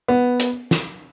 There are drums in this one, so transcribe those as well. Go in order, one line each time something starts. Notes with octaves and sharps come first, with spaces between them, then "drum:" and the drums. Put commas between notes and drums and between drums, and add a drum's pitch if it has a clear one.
B3
drum: hi-hat
drum: snare